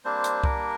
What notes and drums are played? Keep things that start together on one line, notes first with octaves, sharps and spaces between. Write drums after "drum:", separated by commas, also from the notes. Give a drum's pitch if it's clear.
G3 A#3 C4 D4 C5
drum: hi-hat
A#4, drum: kick C2